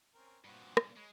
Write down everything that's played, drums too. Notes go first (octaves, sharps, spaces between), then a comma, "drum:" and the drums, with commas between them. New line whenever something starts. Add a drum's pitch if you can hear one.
C4 C#4 A#4
G2 A#2 B3 C4 F#4
drum: rim click
G#3 C#5 B5